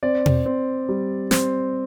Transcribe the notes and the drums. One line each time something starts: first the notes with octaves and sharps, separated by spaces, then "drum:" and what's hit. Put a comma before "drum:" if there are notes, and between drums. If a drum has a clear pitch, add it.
C4 D5
drum: tom B2
C4
G3
C4, drum: snare